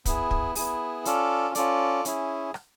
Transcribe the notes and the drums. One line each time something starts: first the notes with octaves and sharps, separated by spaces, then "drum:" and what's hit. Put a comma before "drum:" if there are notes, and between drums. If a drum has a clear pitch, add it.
B3 E4 G#4, drum: kick, hi-hat
drum: kick
B3 E4 G#4, drum: open hi-hat
C#4 F4 A4 D5, drum: hi-hat
C#4 F4 A4 D5, drum: hi-hat
C#4 E4 G#4, drum: hi-hat
drum: rim click